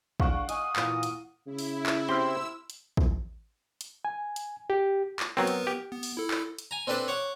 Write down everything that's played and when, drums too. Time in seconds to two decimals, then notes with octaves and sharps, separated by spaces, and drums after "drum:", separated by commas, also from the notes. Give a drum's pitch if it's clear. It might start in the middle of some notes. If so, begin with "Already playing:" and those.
0.20 D4 G#4 F5 F#5 C#6, drum: kick
0.49 D#5 G#5 D#6, drum: hi-hat
0.76 A#2 E3 A#4, drum: clap
1.03 drum: hi-hat
1.47 C#3 E4
1.59 drum: open hi-hat
1.86 drum: clap
2.09 C4 G4 C5 C6 E6 F6
2.70 drum: hi-hat
2.97 drum: kick
3.81 drum: hi-hat
4.05 G#5
4.36 drum: hi-hat
4.70 G4
5.20 drum: clap
5.37 F#3 B3 C4 A#4 B4
5.47 drum: hi-hat
5.67 G4
5.92 B3
6.03 drum: open hi-hat
6.17 E4 A4
6.31 drum: clap
6.59 drum: hi-hat
6.71 G#5 A#5
6.87 C4 D4 A4 B4 C5 D5
7.08 C#5 F#5 D6